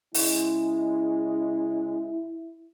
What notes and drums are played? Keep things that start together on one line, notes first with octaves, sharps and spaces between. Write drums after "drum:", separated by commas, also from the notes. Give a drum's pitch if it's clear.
C#3 G#3 E4, drum: open hi-hat